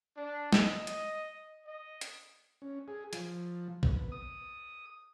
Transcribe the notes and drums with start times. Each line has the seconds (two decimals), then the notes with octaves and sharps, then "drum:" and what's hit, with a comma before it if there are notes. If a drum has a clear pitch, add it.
0.16 D4
0.53 D#5, drum: snare
0.87 drum: hi-hat
1.64 D#5
2.01 drum: hi-hat
2.62 C#4
2.88 G#4
3.13 F3, drum: hi-hat
3.83 B3, drum: kick A#1
4.12 D#6